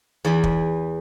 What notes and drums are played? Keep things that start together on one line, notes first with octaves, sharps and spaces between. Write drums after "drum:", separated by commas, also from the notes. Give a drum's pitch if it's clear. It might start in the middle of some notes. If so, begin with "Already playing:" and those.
E2 E3 B5
drum: kick